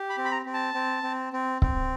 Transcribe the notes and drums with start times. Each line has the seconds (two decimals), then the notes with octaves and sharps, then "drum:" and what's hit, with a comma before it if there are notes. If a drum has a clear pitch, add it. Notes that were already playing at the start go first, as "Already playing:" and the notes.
Already playing: G4
0.10 B5
0.17 C4
0.25 B5
0.31 A#5
0.46 C4
0.54 A5
0.74 C4
1.03 C4
1.33 C4
1.62 C4, drum: kick C#1